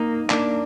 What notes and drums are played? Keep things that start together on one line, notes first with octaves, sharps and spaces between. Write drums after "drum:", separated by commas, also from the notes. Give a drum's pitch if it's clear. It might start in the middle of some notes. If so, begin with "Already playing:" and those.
Already playing: A#3 D#4
A#3 D4, drum: clap